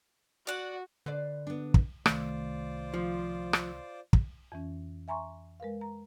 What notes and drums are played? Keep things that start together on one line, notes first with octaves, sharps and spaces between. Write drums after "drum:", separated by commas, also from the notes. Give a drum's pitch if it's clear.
F#4 D5 F#5
D3 B4 C5 D5
B3 D4
drum: kick
C2 D#3 A3 F4 C5 D5, drum: rim click
F3
drum: rim click
drum: kick
F2 E3 C#4
E5 G#5 A#5 C6 C#6
G#3 A#4 B4 F5
A#5